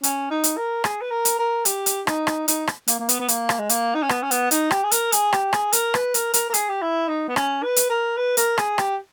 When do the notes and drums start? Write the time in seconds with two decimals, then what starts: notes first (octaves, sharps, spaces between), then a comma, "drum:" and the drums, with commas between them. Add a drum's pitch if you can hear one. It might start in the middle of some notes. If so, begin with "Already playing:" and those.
0.03 C#4, drum: hi-hat
0.31 D#4
0.44 drum: hi-hat
0.57 A#4
0.84 G#4, drum: rim click
1.01 B4
1.11 A#4
1.25 drum: hi-hat
1.39 A#4
1.65 G4, drum: hi-hat
1.86 drum: hi-hat
2.07 D#4, drum: rim click
2.27 drum: rim click
2.48 D#4, drum: hi-hat
2.67 drum: rim click
2.88 A#3, drum: hi-hat
2.99 A#3
3.09 B3, drum: hi-hat
3.20 B3
3.28 A#3, drum: hi-hat
3.49 drum: rim click
3.59 G#3
3.69 A#3, drum: hi-hat
3.94 D#4
4.03 C#4
4.09 B3, drum: rim click
4.23 C#4
4.31 B3, drum: hi-hat
4.51 D#4, drum: hi-hat
4.71 G4, drum: rim click
4.84 G#4
4.91 A#4, drum: hi-hat
5.12 G#4, drum: hi-hat
5.33 G4, drum: rim click
5.53 G#4, drum: rim click
5.73 A#4, drum: hi-hat
5.94 B4, drum: rim click
6.14 A#4, drum: hi-hat
6.34 A#4, drum: hi-hat
6.50 A#4
6.54 G#4, drum: hi-hat
6.69 G4
6.82 E4
7.08 D#4
7.28 B3
7.36 C#4, drum: rim click
7.62 B4
7.76 drum: hi-hat
7.90 A#4
8.17 B4
8.37 A#4, drum: hi-hat
8.58 G#4, drum: rim click
8.78 G4, drum: rim click